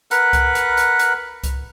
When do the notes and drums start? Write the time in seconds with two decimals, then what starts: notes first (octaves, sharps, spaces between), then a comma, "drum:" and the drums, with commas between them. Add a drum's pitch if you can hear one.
0.11 A#4 B4 F#5, drum: hi-hat
0.33 drum: kick C2, hi-hat
0.55 drum: hi-hat
0.77 drum: hi-hat
0.99 drum: hi-hat
1.44 drum: kick C2, hi-hat